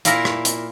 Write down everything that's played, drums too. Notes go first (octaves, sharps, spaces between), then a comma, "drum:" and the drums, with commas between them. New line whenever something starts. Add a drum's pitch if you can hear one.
A#2 A#3 E4 A#4, drum: hi-hat
drum: rim click
drum: hi-hat